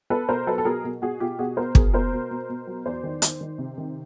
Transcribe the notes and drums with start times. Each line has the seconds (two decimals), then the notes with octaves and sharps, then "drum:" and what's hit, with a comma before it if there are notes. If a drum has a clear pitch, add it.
0.10 B3 A4 B4
0.28 B2 A#4 C5
0.47 F#3 A4 B4
0.58 A4
0.65 B2 G#4 A#4
0.84 B2
1.02 B2 F#4 G#4
1.20 B2 F4 G4
1.39 B2 F#4 G#4
1.57 B3 A#4 C5
1.75 B2 G#4 A#4, drum: kick
1.94 B3 A#4 C5
2.12 B2
2.31 B2
2.49 B2
2.67 F#3
2.85 E2 C5 D5
3.04 D#3
3.22 D#3, drum: hi-hat
3.41 D#3
3.58 C3
3.78 D#3